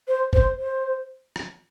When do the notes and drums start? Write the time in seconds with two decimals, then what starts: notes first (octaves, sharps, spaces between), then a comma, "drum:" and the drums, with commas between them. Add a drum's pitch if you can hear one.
0.08 C5
0.33 C5, drum: kick F#1
0.59 C5
1.36 drum: rim click